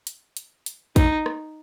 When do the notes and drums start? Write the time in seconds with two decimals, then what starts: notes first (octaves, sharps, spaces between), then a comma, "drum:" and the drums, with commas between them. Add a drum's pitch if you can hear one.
0.07 drum: hi-hat
0.37 drum: hi-hat
0.66 drum: hi-hat
0.96 D#4, drum: kick, hi-hat
1.26 drum: rim click